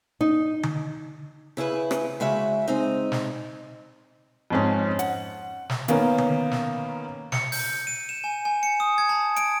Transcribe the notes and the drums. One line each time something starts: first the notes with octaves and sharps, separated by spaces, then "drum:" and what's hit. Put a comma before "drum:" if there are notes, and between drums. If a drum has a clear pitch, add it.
D#4
drum: tom D3
C#3 E4 G#4 B4
drum: rim click
C#3 G#3 F#4 E5
G#3 C4 D#4
drum: snare
F2 G#2 C#4
F#5, drum: hi-hat
drum: snare
D#3 A#3 B3 C#4, drum: hi-hat
drum: tom D3
drum: snare
C#7, drum: snare
G6, drum: open hi-hat
D#7
E7
G#5
G#5
C#7
D#6
G#6
A5
D7, drum: hi-hat